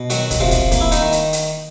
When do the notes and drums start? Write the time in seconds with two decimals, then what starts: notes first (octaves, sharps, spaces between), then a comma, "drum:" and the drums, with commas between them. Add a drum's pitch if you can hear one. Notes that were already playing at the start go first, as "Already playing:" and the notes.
Already playing: B2
0.10 D#3 F#3 F#4, drum: hi-hat
0.31 drum: kick, hi-hat
0.40 C3 F3 F4
0.51 drum: kick, hi-hat
0.72 A#3, drum: kick, hi-hat
0.81 E4
0.92 D#3 D#4, drum: hi-hat
1.02 D#3
1.12 drum: hi-hat
1.33 drum: hi-hat